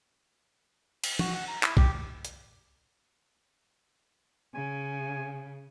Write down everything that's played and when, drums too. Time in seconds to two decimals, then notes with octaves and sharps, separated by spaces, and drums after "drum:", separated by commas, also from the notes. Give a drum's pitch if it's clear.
1.04 drum: cymbal
1.19 F#4, drum: tom
1.35 F#5
1.48 A#5
1.63 E4, drum: clap
1.77 G4, drum: kick
2.25 drum: hi-hat
4.55 C#3 G#5